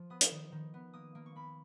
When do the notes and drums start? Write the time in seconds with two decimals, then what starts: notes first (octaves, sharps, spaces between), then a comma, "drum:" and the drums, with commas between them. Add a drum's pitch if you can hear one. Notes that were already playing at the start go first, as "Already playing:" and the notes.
Already playing: F3
0.10 B3 D#6
0.21 drum: hi-hat
0.31 D#3
0.52 D#3
0.74 B3
0.93 A#3 D#6
1.15 A#3
1.26 C#6
1.35 A#3 B5